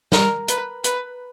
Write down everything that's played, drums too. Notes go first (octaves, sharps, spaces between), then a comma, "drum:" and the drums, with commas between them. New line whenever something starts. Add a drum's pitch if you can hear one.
A#4, drum: snare
B4, drum: hi-hat
B4, drum: hi-hat